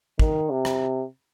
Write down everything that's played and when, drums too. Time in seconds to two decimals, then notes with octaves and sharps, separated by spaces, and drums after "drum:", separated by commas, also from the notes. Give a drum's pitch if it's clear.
0.19 D#3, drum: kick
0.50 C3
0.65 drum: rim click